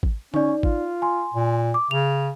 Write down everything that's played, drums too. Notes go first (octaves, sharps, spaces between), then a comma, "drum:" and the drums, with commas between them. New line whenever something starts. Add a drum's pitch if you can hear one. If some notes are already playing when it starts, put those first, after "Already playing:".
drum: kick G#1
C#4 D#4 D5, drum: tom D3
F4, drum: kick G#1
G#5 C6
A#2
D6
C#3 F7